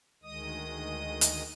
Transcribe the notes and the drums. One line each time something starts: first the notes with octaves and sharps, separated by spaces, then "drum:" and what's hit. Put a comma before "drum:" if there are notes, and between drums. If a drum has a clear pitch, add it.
D2 D#3 G#3 D#5 D#6
drum: hi-hat